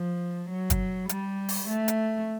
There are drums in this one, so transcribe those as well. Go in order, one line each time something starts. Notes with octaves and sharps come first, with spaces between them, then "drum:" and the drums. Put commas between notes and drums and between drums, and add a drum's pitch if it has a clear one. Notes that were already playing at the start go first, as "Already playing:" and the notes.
Already playing: F3
F#3
drum: kick, hi-hat
G3, drum: hi-hat
drum: open hi-hat
A3
drum: hi-hat